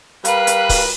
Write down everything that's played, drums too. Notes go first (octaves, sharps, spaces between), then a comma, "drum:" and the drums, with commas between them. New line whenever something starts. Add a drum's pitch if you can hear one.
G3 A#4 B4 F5, drum: hi-hat
drum: hi-hat
drum: kick C#1, open hi-hat